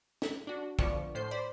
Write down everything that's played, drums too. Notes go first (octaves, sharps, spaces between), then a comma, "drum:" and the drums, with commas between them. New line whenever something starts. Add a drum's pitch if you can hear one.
drum: snare
D4 F#4
D3 F3 B3 D5 C#6, drum: kick
A2 C5 G6 C7
C5 D5 B5